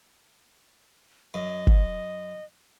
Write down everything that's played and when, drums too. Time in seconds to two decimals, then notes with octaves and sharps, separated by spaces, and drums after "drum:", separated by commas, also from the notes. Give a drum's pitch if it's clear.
1.34 F#2 D#5
1.67 drum: kick G1